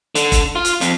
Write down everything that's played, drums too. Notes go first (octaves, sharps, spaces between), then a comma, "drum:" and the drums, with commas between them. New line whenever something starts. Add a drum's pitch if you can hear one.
D3, drum: hi-hat
drum: kick F1, hi-hat
F4
drum: hi-hat
F2, drum: hi-hat